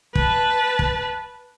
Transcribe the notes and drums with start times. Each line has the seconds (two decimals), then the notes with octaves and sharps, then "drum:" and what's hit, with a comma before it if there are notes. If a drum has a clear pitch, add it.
0.15 B4 A5, drum: kick
0.79 drum: kick